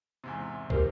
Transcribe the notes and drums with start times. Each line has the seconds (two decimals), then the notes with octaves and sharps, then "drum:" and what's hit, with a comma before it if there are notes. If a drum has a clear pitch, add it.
0.24 E2 G#2 C3
0.70 G4 A#4 C5, drum: kick